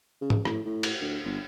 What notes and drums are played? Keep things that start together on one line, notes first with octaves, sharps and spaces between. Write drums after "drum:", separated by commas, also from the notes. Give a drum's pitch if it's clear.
C#3
drum: tom
A2, drum: rim click
A2
drum: cymbal
D2
G1